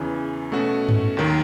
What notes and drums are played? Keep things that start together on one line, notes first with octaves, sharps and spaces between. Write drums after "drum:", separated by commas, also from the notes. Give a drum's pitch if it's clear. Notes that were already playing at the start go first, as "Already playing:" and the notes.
Already playing: E2 C#3 E3
B2 A3 C#4 F#4
drum: tom G2
D#2 D#3 F#3